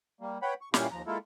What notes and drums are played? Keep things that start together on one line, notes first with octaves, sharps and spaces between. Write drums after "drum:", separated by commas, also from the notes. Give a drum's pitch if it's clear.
G3 A#3
B4 C#5 F#5 G5 B5
C#6
G2 A#2 C#4 E4 G4 F5, drum: snare
D#2 F3 A#5
G#3 A#3 E4 F4 A4